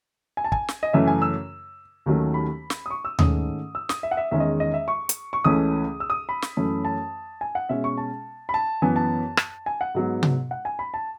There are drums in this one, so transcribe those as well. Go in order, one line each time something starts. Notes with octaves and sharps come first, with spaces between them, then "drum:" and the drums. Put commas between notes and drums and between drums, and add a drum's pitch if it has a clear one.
G#5
A5
G#5, drum: kick
drum: snare
D#5
F#2 C#3 E3 A3 C#4 E5
G#5
E6
D#2 D#3 F#3 A3 C#4
B5
drum: snare
D#6
C#6
E6
G#2 D#3 A3 C#4 D#6, drum: tom D#2
E6
D#6, drum: snare
E5
F#5
E5
E2 D#3 G#3 C#4 E5
D#5
D#5
E5
C#6
drum: hi-hat
C#6
C#2 C#3 E3 A3 C#4 D#6
E6
D#6
B5
drum: snare
F#2 E3 A3 C#4
A5
G#5
F#5
B2 G#3 C#4 E5
C#6
A5
B5
A5
F#2 E3 B3 G#5
A5
drum: rim click
G#5
F#5
G#2 F#3 B3
drum: tom C3
F#5
G#5
B5
A5